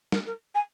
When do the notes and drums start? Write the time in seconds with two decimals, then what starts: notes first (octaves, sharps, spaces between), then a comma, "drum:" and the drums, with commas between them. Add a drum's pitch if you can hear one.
0.12 A#4, drum: snare
0.26 A#4
0.54 G#5